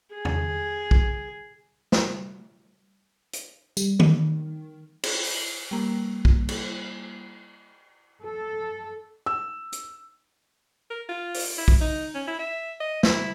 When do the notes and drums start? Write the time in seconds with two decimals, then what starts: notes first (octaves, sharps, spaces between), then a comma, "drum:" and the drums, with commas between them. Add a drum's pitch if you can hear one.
0.15 G#4
0.25 drum: tom E2
0.91 drum: kick
1.92 drum: snare
3.33 drum: hi-hat
3.77 G3, drum: tambourine
3.99 D#3, drum: tom D#3
5.03 drum: cymbal
5.23 drum: open hi-hat
5.71 G3 A#3
6.25 drum: kick
6.49 drum: cymbal
8.24 A4
9.26 E6
9.73 drum: hi-hat
10.90 A#4
11.09 F4
11.34 drum: open hi-hat
11.58 E4
11.68 drum: kick
11.81 D#4
12.15 C#4
12.27 E4
12.39 E5
12.80 D#5
13.03 E4, drum: snare